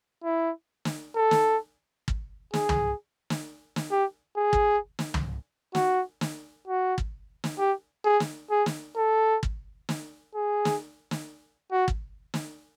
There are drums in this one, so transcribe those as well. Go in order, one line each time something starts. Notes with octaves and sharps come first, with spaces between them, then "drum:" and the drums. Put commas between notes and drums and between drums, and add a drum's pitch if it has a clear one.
E4
drum: snare
A4
drum: snare
drum: kick
G#4, drum: snare
drum: tom
drum: snare
drum: snare
G4
G#4
drum: kick
drum: snare
drum: tom
F#4, drum: snare
drum: snare
F#4
drum: kick
drum: snare
G4
G#4
drum: snare
G#4
drum: snare
A4
drum: kick
drum: snare
G#4
drum: snare
drum: snare
F#4
drum: kick
drum: snare